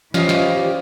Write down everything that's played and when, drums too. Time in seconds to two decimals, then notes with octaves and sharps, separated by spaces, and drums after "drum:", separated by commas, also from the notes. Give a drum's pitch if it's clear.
0.14 E3 C#4 F4 G4 C5 D5 D#5 F5, drum: snare
0.29 drum: snare